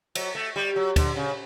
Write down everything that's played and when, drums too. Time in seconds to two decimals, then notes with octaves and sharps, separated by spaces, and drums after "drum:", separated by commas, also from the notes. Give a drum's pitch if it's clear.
0.15 F#3, drum: cymbal
0.35 A3
0.56 G3
0.76 F#3
0.96 D3, drum: kick, cymbal
1.16 C#3